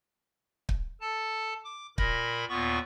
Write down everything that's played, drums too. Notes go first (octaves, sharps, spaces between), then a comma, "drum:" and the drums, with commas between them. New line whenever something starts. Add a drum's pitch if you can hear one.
drum: kick
A4 A5
D6
A#2 A#4 B5 A#6, drum: kick
D#2 A#2 B3 F4 C#6